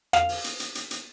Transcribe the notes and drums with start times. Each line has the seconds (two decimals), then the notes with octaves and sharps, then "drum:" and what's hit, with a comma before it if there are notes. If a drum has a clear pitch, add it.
0.13 F5, drum: rim click
0.29 drum: open hi-hat
0.44 drum: hi-hat
0.60 drum: hi-hat
0.75 drum: hi-hat
0.91 drum: hi-hat